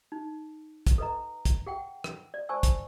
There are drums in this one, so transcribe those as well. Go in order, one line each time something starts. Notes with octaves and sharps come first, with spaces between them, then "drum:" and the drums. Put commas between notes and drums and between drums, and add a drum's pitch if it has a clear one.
D#4
drum: kick, hi-hat
A4 B4 D#5 A#5
drum: kick, hi-hat
G#4 F#5 G5
drum: rim click
D5
C5 D5 G#5 A5 C#6 E6
drum: kick, hi-hat